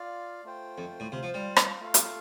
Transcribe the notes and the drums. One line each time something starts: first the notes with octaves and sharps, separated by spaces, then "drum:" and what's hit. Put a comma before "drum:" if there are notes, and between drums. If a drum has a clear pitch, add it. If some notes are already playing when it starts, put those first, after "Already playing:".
Already playing: F4 D5 F5
A3 F4 C5 G5
F2
A2
C3 F4 C5 F5
F3
G3
drum: rim click
A3 F4 A4 F5
drum: hi-hat